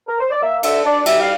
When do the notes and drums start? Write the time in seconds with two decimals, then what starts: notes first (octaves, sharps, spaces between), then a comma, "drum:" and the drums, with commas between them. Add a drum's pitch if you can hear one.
0.08 A#4
0.19 C5
0.31 D5
0.42 A#3 E5
0.63 D3 E5, drum: cymbal
0.84 D4 D5
1.06 G3 E5, drum: cymbal
1.22 F5